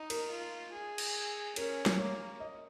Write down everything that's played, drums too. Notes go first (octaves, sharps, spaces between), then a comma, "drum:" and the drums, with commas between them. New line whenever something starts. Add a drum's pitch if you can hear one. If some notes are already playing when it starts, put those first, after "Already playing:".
Already playing: D#4
A#4, drum: cymbal
F4
G#4
drum: cymbal
C#4 A#4, drum: cymbal
drum: snare
A#3 C#5
D#5